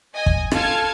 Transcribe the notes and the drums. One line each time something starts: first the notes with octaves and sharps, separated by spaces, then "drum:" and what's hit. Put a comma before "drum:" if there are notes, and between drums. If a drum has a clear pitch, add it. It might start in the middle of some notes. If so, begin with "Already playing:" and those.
D#5 G#5
drum: kick
F4 A4 A5 F6 G#6, drum: rim click